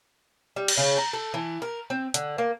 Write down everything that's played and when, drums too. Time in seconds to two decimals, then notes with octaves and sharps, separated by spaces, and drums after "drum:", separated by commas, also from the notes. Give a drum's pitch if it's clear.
0.56 G3
0.68 drum: cymbal
0.78 C#3
0.98 A#5
1.13 A4
1.34 E3
1.62 A#4
1.90 C4
2.14 D3, drum: hi-hat
2.38 A#3